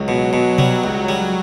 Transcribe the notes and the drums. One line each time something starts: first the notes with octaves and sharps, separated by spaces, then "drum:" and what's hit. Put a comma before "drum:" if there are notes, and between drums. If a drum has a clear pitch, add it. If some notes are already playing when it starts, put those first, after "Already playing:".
Already playing: C#2 F#3
B2
B2
G3, drum: tom B2
C#2
G3